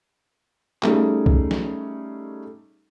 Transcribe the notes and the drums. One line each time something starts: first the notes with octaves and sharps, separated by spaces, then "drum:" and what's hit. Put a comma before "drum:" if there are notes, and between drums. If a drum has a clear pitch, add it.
G3 A3 C#4 D#4 G#4 A4, drum: clap
drum: kick B1
drum: snare